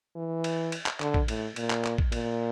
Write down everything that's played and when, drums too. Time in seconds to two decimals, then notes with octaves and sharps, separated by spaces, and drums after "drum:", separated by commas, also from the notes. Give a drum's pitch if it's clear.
0.16 E3
0.44 drum: cymbal
0.72 drum: cymbal
0.86 drum: clap
1.00 D3, drum: clap
1.14 drum: kick
1.28 A2, drum: cymbal
1.56 A#2, drum: cymbal
1.70 drum: clap
1.84 drum: clap
1.98 drum: kick
2.12 A#2, drum: cymbal